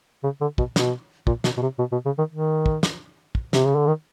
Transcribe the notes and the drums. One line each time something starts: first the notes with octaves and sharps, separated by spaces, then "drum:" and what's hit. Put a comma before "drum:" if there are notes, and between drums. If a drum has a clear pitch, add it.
C#3
D3
B2, drum: kick
B2, drum: snare
A#2, drum: kick
B2, drum: snare
B2
C3
B2
B2
C#3
D#3
D#3
drum: kick
drum: snare
drum: kick
C3, drum: snare
C#3
D3
D#3